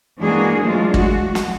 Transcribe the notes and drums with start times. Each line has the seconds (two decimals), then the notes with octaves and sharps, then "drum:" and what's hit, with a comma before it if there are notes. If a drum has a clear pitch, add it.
0.19 E3 G#3 A#3 D4 F#4 G#4
0.61 E3 F#3 G#3 A3 D4 F4
0.94 F#4, drum: kick
1.35 drum: snare